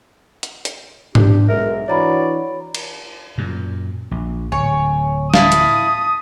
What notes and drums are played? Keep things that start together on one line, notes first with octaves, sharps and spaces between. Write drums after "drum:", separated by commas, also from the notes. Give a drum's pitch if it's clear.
drum: hi-hat
drum: hi-hat
D4 G4, drum: tom G#2
B1 G#2 A#4 E5
E3 D4 F#4 C#5 D5 A#5 B5
drum: cymbal
F#2 A#2
A#1
D1 C#5 G#5
E4 F5 A5 D#6 A6 B6, drum: snare
drum: hi-hat